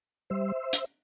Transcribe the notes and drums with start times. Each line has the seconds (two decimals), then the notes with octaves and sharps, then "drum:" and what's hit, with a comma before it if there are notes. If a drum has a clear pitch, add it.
0.30 G3 C5 E5
0.73 drum: hi-hat